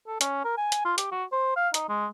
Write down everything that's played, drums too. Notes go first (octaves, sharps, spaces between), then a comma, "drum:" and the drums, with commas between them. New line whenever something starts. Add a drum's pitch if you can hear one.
A4
C#4, drum: hi-hat
A#4
G#5
drum: hi-hat
F4
G4, drum: hi-hat
F#4
C5
F5
D#4, drum: hi-hat
G#3